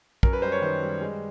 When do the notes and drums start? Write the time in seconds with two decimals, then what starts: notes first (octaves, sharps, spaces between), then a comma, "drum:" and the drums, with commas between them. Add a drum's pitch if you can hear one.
0.23 F#2 A#4, drum: kick
0.33 B4
0.42 G3 C5
0.52 C#5
0.62 D#3 C5
0.82 G3
1.01 G#3